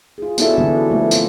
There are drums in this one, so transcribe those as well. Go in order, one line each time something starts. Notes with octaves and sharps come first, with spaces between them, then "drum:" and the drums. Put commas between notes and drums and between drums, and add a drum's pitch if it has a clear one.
F4 G#4
B3 C#4 D4 E4 F#4 A4, drum: tambourine
D3 E3 F#3 B3 D4
F3 A3
C4 F4, drum: tambourine